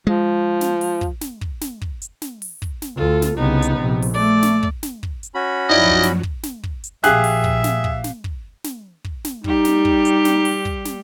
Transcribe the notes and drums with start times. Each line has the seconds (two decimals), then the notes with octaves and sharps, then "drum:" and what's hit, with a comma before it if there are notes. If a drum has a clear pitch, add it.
0.07 F3 G#3
0.61 drum: snare
0.81 drum: open hi-hat
1.01 drum: kick
1.21 drum: snare
1.41 drum: kick
1.61 drum: snare
1.81 drum: kick
2.02 drum: hi-hat
2.22 drum: snare
2.42 drum: open hi-hat
2.62 drum: kick
2.82 drum: snare
2.97 D2 F4 A4
3.22 drum: snare
3.38 C2 C#3 B3 D#4
3.62 drum: hi-hat
3.79 A#1 C3
4.02 drum: open hi-hat
4.14 A3 D5
4.43 drum: snare
4.63 drum: kick
4.83 drum: snare
5.03 drum: kick
5.23 drum: hi-hat
5.35 C#4 F#4 B5
5.70 F#2 F3 F#3 D#4 E4 D5 D#5
5.83 drum: kick
6.03 drum: snare
6.23 drum: kick
6.43 drum: snare
6.63 drum: kick
6.84 drum: hi-hat
7.04 A#1 G4 G#4 E5 F5 F#6, drum: snare
7.24 drum: open hi-hat
7.44 drum: kick
7.64 drum: snare
7.84 drum: kick
8.04 drum: snare
8.24 drum: kick
8.64 drum: snare
9.04 drum: kick
9.25 drum: snare
9.44 G3 D#4 G4, drum: kick
9.65 drum: snare
9.85 drum: kick
10.05 drum: hi-hat
10.25 drum: snare
10.45 drum: open hi-hat
10.65 drum: kick
10.85 drum: snare